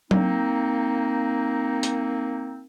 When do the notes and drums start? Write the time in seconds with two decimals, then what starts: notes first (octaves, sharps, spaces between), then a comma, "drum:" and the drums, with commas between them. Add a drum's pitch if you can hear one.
0.11 A#3 C4 D#4, drum: tom F#3
1.83 drum: hi-hat